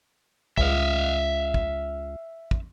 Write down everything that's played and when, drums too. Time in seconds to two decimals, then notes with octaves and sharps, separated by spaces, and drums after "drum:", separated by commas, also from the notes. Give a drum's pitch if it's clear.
0.58 C#2 E5 F5, drum: kick
1.54 drum: kick
2.51 drum: kick